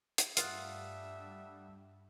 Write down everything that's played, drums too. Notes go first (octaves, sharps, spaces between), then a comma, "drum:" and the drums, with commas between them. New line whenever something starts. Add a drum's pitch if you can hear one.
drum: hi-hat
G2 G3 A3 F4 E5 F#5 D#6 F#6, drum: hi-hat